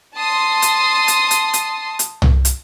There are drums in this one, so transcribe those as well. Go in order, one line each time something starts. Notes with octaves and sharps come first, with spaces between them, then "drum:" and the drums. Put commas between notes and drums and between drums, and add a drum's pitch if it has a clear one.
A5 C6 D#6
drum: hi-hat
drum: hi-hat
drum: hi-hat
drum: hi-hat
drum: hi-hat
drum: tom C2
drum: hi-hat